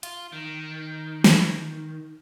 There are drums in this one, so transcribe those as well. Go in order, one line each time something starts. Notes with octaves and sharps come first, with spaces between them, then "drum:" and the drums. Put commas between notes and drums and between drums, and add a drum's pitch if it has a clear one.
F4, drum: hi-hat
D#3
drum: snare